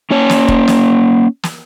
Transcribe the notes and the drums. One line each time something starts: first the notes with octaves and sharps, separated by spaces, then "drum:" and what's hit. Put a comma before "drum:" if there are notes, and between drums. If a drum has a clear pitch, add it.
A#3 C#4 C#5
drum: snare
drum: kick E1
drum: snare
drum: snare